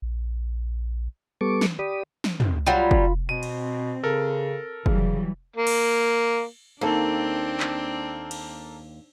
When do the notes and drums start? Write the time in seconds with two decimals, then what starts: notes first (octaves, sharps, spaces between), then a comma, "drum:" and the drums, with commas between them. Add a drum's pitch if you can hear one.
0.02 A#1
1.41 G3 B3 A4 C#6 D6
1.61 drum: snare
1.79 G4 D5 B5 D#6
2.24 drum: snare
2.40 drum: tom
2.66 F#3 G3 F4 B5
2.91 drum: kick
3.29 B2 C4 D#7
3.43 drum: cymbal
4.03 C#3 A4 A#4
4.86 C#3 E3 F#3 G3, drum: kick
5.56 A#3
5.67 drum: cymbal
6.81 D#2 A#3 C4 D4 A4
7.60 drum: clap
8.31 drum: cymbal